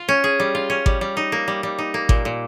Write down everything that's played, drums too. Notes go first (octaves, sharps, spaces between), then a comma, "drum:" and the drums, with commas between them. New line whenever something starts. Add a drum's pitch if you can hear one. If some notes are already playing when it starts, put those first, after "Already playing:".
Already playing: F4
C#4
G#4
G3
F4
C#4
G3, drum: kick G#1
G3
D#4
A#3
G3
G3
D#4
A#3
A#2, drum: kick G#1
A#2